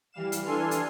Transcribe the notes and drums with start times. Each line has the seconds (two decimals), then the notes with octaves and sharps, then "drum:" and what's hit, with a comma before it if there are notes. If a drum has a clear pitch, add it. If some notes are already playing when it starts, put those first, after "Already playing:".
0.12 E3 G3 F5 E7
0.32 drum: hi-hat
0.45 E3 D4 A4 G#5 C6 F6
0.71 drum: hi-hat